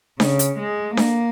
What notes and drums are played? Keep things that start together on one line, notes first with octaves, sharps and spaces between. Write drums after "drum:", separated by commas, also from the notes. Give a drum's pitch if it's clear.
C#3, drum: snare D4
drum: hi-hat
G#3
A#3, drum: snare D4